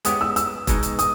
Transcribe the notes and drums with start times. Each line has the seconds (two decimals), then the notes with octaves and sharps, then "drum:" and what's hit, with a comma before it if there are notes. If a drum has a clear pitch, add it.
0.05 G#3 B3 G4 C#5 D#6, drum: hi-hat
0.21 E6
0.36 E6, drum: hi-hat
0.67 B2 G#3 D#4, drum: kick E1, hi-hat
0.83 drum: hi-hat
0.99 D#6, drum: hi-hat